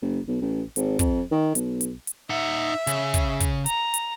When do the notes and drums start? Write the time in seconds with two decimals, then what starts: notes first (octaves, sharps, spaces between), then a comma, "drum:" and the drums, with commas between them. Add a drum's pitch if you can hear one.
0.02 F#1
0.28 B1
0.41 A1
0.76 G#1, drum: hi-hat
0.99 F2, drum: kick, hi-hat
1.31 D#3
1.55 B1, drum: hi-hat
1.81 drum: hi-hat
2.07 drum: hi-hat
2.30 D#4 E5 F#5
2.87 C#3, drum: hi-hat
3.14 drum: kick, hi-hat
3.40 drum: kick, hi-hat
3.66 A#5, drum: hi-hat
3.94 drum: hi-hat